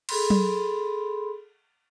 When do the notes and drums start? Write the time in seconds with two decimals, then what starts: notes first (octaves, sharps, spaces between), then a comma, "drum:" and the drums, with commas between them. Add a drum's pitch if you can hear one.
0.09 G#4 A4 B5 C6, drum: cymbal
0.30 drum: tom F#3